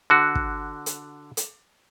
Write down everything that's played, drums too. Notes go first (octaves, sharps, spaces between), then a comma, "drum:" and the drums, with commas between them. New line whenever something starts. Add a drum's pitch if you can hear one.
D3 F#4
drum: kick
drum: hi-hat
drum: hi-hat